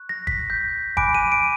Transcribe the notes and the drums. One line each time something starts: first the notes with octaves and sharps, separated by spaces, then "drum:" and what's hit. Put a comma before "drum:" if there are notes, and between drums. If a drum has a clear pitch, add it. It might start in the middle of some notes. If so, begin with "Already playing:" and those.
Already playing: C#6 F#6
A#6
B6, drum: kick
G6
G#5 B5 D6 F#6 D7, drum: kick
D#7
D7